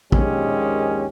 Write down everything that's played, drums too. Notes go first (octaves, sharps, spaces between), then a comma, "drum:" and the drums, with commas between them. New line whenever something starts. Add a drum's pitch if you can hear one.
A#1 D#2 G#3 C#4 G4, drum: kick